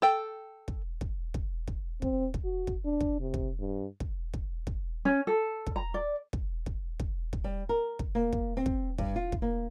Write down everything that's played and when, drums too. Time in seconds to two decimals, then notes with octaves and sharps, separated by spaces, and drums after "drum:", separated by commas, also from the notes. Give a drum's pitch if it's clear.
0.02 A4 G5
0.68 drum: kick
1.01 drum: kick
1.34 drum: kick
1.68 drum: kick
2.02 C4, drum: kick
2.34 drum: kick
2.44 F#4
2.67 drum: kick
2.85 D4
3.01 drum: kick
3.20 C3
3.34 drum: kick
3.59 G2
4.00 drum: kick
4.34 drum: kick
4.67 drum: kick
5.05 C#4
5.27 A4
5.67 drum: kick
5.76 A#5
5.94 D5
6.33 drum: kick
6.66 drum: kick
7.00 drum: kick
7.33 drum: kick
7.44 G3
7.69 A#4
7.99 drum: kick
8.15 A#3
8.33 drum: kick
8.57 C4
8.66 drum: kick
8.98 G2, drum: kick
9.16 F4
9.32 drum: kick
9.42 A#3